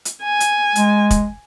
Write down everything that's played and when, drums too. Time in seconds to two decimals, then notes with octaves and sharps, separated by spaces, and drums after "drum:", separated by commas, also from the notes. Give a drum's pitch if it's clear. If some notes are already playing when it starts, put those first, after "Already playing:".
0.05 drum: hi-hat
0.23 G#5
0.40 drum: hi-hat
0.75 G#3, drum: hi-hat
1.10 drum: kick, hi-hat